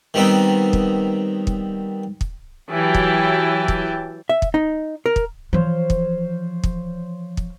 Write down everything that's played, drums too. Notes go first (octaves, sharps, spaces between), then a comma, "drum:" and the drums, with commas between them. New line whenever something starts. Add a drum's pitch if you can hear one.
D#3 G3 B3 C4 D#4
drum: kick
drum: kick
drum: kick
E3 F#3 E4 G4 G5 A5
drum: kick
drum: kick
E5
drum: kick
D#4
A#4
drum: kick
E3 F3 C5 C#5 F5
drum: kick
drum: kick
drum: kick